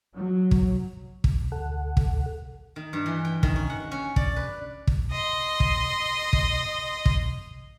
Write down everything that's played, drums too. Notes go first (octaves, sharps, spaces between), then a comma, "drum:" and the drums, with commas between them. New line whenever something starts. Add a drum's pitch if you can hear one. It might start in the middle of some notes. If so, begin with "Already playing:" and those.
F#3
drum: kick
drum: kick
D2 A4 F#5
drum: kick
D#3
G2
E3
G5
D#3, drum: kick
C#4
F#5
C#4
D5, drum: kick
B4
drum: kick
D#5 C6
drum: kick
drum: kick
drum: kick